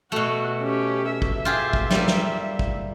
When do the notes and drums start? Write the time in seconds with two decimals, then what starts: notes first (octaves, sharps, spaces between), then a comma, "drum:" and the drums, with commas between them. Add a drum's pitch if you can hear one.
0.12 B2 A3 F#4
0.61 C#4 G4
1.13 E5
1.22 drum: kick
1.45 F4 G4 G#4
1.73 drum: kick
1.91 G3 A#3, drum: snare
2.08 drum: snare
2.59 drum: kick